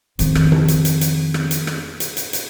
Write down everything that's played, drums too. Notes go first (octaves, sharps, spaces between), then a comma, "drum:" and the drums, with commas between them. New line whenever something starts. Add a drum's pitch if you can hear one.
F2 D#3, drum: hi-hat
drum: rim click
drum: tom C3
drum: hi-hat
drum: hi-hat
drum: hi-hat
drum: rim click
drum: hi-hat
drum: rim click
drum: hi-hat
drum: hi-hat
drum: hi-hat